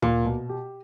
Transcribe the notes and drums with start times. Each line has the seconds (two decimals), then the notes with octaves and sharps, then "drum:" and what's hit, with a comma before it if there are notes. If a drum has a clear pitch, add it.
0.02 A#2 A#3, drum: tom D2
0.25 B2
0.49 G4